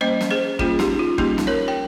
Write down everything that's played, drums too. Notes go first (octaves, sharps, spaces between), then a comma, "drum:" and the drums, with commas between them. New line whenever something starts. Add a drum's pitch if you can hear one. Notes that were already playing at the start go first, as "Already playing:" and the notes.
G3 A#3 C#4 C5 D#5
drum: snare
G#4 C5
G3 A#3 C#4 F4 G#4, drum: kick
D#4 G4, drum: snare
F4
G3 A#3 C#4 D#4 G4, drum: kick
drum: snare
A#4 C#5
G5